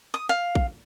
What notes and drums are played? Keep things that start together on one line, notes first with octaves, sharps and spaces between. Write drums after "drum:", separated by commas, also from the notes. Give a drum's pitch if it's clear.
D#6
F5
drum: kick